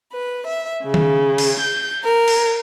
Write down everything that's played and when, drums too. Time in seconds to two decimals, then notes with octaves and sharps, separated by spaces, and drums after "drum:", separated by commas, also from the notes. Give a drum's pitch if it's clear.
0.13 B4
0.46 E5
0.83 C#3
0.94 drum: tom D#3
1.38 drum: cymbal
1.60 G6
2.05 A#4
2.28 drum: cymbal